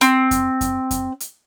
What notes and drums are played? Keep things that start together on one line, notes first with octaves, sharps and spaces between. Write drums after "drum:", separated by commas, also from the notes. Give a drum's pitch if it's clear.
C4, drum: hi-hat
drum: kick F2, hi-hat
drum: kick F2, hi-hat
drum: kick F2, hi-hat
drum: hi-hat